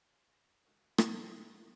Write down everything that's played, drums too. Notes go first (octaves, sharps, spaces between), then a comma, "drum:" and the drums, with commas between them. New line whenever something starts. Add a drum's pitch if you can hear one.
C#5 F5 G#5 C6
A#6
C#2 D#3 G#3 F#4 A4 C#6
drum: rim click